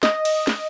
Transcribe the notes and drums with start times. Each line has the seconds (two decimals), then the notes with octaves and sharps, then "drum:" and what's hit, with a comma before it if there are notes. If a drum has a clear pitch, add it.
0.03 D#5, drum: snare
0.25 drum: cymbal
0.47 drum: snare